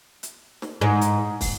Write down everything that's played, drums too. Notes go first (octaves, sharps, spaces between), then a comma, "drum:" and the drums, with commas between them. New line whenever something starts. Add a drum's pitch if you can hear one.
drum: hi-hat
drum: snare
G#2
drum: hi-hat
drum: kick, open hi-hat